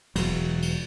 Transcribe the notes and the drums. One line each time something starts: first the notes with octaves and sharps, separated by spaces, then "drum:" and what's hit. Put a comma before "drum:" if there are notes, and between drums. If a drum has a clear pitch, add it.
E1 F#3, drum: cymbal
drum: cymbal